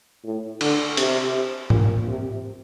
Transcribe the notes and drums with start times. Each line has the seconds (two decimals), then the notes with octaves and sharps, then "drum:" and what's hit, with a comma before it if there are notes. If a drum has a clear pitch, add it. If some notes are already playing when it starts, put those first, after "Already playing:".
0.24 A2
0.61 D3, drum: cymbal
0.97 C3, drum: hi-hat
1.70 A#2, drum: tom G#2
2.07 C3